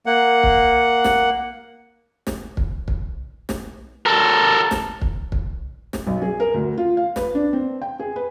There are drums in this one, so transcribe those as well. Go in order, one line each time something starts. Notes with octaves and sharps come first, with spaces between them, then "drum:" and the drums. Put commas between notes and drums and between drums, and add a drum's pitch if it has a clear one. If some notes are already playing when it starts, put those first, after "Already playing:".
A#3 F#5
drum: kick
drum: snare
drum: snare
drum: kick
drum: kick
drum: snare
A4 A#4
drum: snare
drum: kick
drum: kick
drum: snare
B1
G#4
A#4
D2
F4
F5
B4, drum: snare
D4
C4
G5
G#4
B4